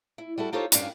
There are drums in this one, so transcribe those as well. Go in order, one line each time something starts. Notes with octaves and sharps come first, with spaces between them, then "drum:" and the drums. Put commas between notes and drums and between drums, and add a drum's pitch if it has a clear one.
E4
G3 E4 F#4 A4
D#4 F4 G4 A4 C5 C#5
G2 C#4 D4 F5 G5, drum: hi-hat